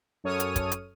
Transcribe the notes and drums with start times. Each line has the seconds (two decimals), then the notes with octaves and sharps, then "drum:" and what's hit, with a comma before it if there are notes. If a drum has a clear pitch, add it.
0.24 F#2 A4 C#5 D#6 F6 D#7
0.40 drum: hi-hat
0.56 drum: kick, hi-hat
0.72 drum: hi-hat